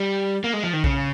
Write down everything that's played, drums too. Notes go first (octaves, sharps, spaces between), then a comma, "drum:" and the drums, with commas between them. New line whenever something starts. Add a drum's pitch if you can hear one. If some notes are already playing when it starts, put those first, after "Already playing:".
Already playing: G3
A#3
G#3
F3
D#3
C#3, drum: kick B1